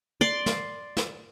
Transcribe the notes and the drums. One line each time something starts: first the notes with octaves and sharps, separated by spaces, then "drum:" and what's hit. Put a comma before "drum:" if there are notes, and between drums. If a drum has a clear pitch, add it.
D5 C6
drum: snare
drum: snare